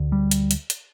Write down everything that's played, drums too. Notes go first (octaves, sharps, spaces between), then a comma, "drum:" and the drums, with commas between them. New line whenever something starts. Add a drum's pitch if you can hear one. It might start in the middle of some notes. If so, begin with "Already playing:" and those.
Already playing: D2 D3
G3
drum: hi-hat
drum: hi-hat
drum: hi-hat